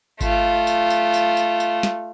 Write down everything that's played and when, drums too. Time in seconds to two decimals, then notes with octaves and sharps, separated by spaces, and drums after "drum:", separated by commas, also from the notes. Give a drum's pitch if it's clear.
0.21 A3 F4, drum: kick G#1, tambourine
0.67 drum: tambourine
0.90 drum: tambourine
1.14 drum: tambourine
1.37 drum: tambourine
1.60 drum: tambourine
1.83 drum: snare